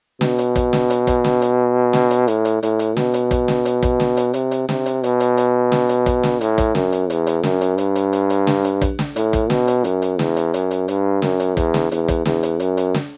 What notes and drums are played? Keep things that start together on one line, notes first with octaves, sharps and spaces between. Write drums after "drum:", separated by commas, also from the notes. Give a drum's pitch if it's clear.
B2, drum: snare
drum: hi-hat
drum: kick, hi-hat
drum: snare
drum: hi-hat
drum: kick, hi-hat
drum: snare
drum: hi-hat
drum: snare
drum: hi-hat
A2, drum: hi-hat
drum: hi-hat
A2, drum: hi-hat
drum: hi-hat
B2, drum: snare
drum: hi-hat
drum: kick, hi-hat
drum: snare
drum: hi-hat
drum: kick, hi-hat
drum: snare
drum: hi-hat
C3, drum: hi-hat
drum: hi-hat
C3, drum: snare
drum: hi-hat
B2, drum: hi-hat
drum: hi-hat
drum: hi-hat
drum: snare
drum: hi-hat
drum: kick, hi-hat
drum: snare
A2, drum: hi-hat
drum: kick, hi-hat
F#2, drum: snare
drum: hi-hat
E2, drum: hi-hat
drum: hi-hat
F#2, drum: snare
drum: hi-hat
G2, drum: hi-hat
drum: hi-hat
drum: hi-hat
drum: hi-hat
drum: snare
drum: hi-hat
drum: kick, hi-hat
drum: snare
A2, drum: hi-hat
drum: kick, hi-hat
B2, drum: snare
drum: hi-hat
F#2, drum: hi-hat
drum: hi-hat
E2, drum: snare
drum: hi-hat
F#2, drum: hi-hat
drum: hi-hat
G2, drum: hi-hat
F#2, drum: snare
drum: hi-hat
E2, drum: kick, hi-hat
drum: snare
E2, drum: hi-hat
drum: kick, hi-hat
E2, drum: snare
drum: hi-hat
F#2, drum: hi-hat
drum: hi-hat
drum: snare